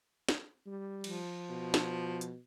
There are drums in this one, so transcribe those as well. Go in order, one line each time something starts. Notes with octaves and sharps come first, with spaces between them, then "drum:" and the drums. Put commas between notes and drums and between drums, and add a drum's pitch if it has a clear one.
drum: snare
G3
F3, drum: cymbal
B2
drum: snare
drum: hi-hat